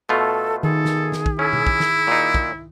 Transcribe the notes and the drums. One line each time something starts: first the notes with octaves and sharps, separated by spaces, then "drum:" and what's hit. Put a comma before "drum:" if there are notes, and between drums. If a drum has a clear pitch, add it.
B2 A3 F4 A4
D#3 G#4 A4
drum: snare
drum: snare
drum: kick
C#4 E4
drum: tom B2
drum: kick
drum: snare
A#2 D#4
drum: kick